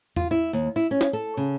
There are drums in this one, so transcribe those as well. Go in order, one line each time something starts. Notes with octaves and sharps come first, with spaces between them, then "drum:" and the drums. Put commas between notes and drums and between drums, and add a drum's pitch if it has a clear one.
F4, drum: tom E2
E4
D#2
E4
C#4
drum: snare
A4
C#3